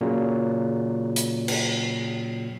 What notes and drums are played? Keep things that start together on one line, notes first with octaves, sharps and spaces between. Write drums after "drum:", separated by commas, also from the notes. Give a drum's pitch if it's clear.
A#2 C#3 F#3
drum: hi-hat
drum: cymbal